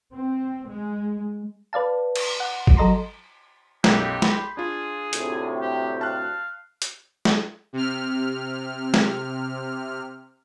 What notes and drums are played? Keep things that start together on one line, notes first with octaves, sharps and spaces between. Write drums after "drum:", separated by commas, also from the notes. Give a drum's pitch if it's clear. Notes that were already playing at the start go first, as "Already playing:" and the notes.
C4
G#3
B4 D5 F5 A5
drum: cymbal
F#5
drum: kick
F#3 A4 D#5 A#5 C6
B1 F#2 G4, drum: snare
B5 C6, drum: snare
D4 F4 G#4
D2 A2 C3, drum: hi-hat
G4
F5 A5 F#6
drum: hi-hat
drum: snare
C3 F6
drum: snare